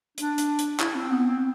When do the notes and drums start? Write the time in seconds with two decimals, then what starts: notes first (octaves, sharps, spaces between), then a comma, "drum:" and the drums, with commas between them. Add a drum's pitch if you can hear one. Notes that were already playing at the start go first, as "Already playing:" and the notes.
0.18 D4, drum: hi-hat
0.38 drum: hi-hat
0.59 drum: hi-hat
0.80 E4, drum: clap
0.95 C4
1.11 B3
1.26 C4